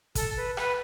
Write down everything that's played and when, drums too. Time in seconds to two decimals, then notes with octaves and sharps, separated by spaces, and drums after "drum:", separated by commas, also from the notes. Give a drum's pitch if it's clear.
0.15 A4, drum: kick, hi-hat
0.37 B4
0.57 B4, drum: rim click